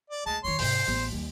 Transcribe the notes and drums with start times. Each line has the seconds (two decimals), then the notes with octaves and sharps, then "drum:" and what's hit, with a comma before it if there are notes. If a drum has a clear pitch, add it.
0.10 D5
0.26 D2 G#3 A5
0.44 F2 D#3 C#5 C6
0.59 G#2 C3 C5, drum: open hi-hat
0.88 A1 B3
1.12 D#2 G3